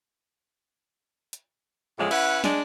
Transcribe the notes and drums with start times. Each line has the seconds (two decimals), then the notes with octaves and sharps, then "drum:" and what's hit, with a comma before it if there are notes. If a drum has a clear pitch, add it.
1.33 drum: hi-hat
1.99 E2 A2 C#3 F3 G#3
2.11 C#4 E4 B4 F#5, drum: cymbal
2.44 G#3 D4, drum: snare